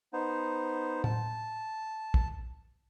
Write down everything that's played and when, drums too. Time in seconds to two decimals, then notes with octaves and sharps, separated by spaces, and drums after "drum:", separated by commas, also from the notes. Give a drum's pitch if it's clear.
0.13 B3 D#4 C5
1.04 A5, drum: tom A2
2.14 drum: kick